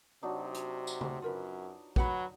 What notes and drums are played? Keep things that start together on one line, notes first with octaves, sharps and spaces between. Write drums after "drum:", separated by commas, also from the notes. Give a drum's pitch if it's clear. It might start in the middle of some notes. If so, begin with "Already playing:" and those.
C3 F#3 D4 D#4
drum: hi-hat
drum: tambourine
drum: tom
F#2 F4 A#4 B4
F#3 B4 F#5 B5, drum: kick A#1